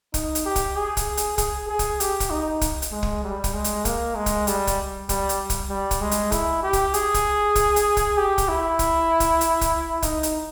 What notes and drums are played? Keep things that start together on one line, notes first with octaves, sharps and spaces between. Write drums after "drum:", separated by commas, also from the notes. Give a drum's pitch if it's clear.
D#4, drum: kick, hi-hat
drum: hi-hat
G4
drum: kick, hi-hat
G#4
drum: kick, hi-hat
drum: hi-hat
G#4, drum: kick, hi-hat
G#4
drum: kick, hi-hat
G4, drum: hi-hat
drum: kick, hi-hat
D#4
drum: kick, hi-hat
drum: hi-hat
G#3
drum: kick
G3
drum: kick, hi-hat
G#3
drum: hi-hat
A#3, drum: kick, hi-hat
G#3
drum: kick, hi-hat
G3, drum: hi-hat
drum: kick, hi-hat
G3, drum: kick, hi-hat
drum: hi-hat
drum: kick, hi-hat
G3
drum: kick, hi-hat
G#3
drum: hi-hat
E4, drum: kick, hi-hat
G4
drum: kick, hi-hat
G#4, drum: hi-hat
drum: kick, hi-hat
drum: kick, hi-hat
drum: hi-hat
drum: kick, hi-hat
G4
drum: kick, hi-hat
E4
drum: kick, hi-hat
drum: kick, hi-hat
drum: hi-hat
drum: kick, hi-hat
D#4, drum: kick, hi-hat
drum: hi-hat